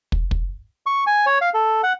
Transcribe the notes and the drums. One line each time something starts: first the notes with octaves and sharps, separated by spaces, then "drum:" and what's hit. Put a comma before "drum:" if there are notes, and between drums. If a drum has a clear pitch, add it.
drum: kick
drum: kick
C#6
G#5
C#5
F5
A4
F#5